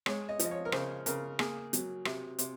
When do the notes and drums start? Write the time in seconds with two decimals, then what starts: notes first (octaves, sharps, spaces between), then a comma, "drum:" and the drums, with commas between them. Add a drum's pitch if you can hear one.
0.06 G#3 C#5, drum: rim click
0.29 D#5
0.39 F3, drum: hi-hat
0.45 D#5
0.51 C#5
0.65 A#4
0.72 C#3 C5, drum: rim click
1.06 C#3 A#4, drum: hi-hat
1.39 A#3 G#4, drum: rim click
1.73 F#3, drum: hi-hat
2.05 C3, drum: rim click
2.39 C3, drum: hi-hat